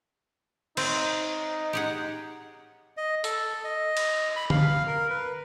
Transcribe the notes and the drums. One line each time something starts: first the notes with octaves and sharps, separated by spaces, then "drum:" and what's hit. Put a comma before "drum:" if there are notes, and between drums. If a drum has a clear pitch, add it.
C4 D#4, drum: cymbal
G4 G#4 F#5
D#5
A4, drum: hi-hat
D#5
drum: cymbal
B5
F5, drum: tom D3
A#4
B4